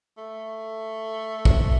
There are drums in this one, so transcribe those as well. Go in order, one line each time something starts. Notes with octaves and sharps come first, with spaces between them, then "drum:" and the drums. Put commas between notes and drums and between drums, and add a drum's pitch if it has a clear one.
A3
drum: kick